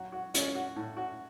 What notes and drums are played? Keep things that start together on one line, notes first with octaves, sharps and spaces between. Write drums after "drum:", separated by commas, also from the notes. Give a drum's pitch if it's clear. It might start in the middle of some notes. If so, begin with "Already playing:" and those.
Already playing: F#3 F#4
F#4
C#4, drum: hi-hat
F#4
A2
F#4